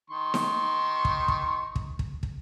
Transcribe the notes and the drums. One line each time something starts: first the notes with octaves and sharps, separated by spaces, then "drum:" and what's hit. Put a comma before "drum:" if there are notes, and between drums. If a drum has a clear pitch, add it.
D#3 C6 C#6
drum: snare D#4
drum: kick
drum: kick
drum: kick
drum: kick
drum: kick